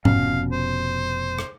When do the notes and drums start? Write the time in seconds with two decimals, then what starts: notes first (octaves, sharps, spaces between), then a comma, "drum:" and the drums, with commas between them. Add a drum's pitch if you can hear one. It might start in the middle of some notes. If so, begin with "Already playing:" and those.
0.05 F1 B2 C#4 F5, drum: tom G#2
0.52 C5
1.39 drum: rim click